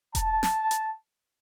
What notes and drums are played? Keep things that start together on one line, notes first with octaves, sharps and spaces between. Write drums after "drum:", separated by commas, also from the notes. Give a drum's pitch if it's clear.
A5, drum: kick E1, hi-hat
drum: snare
drum: hi-hat